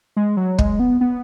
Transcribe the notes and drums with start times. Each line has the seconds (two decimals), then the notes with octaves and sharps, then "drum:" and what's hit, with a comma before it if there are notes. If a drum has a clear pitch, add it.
0.16 G#3
0.37 F#3
0.58 G#3, drum: kick
0.79 B3
1.01 B3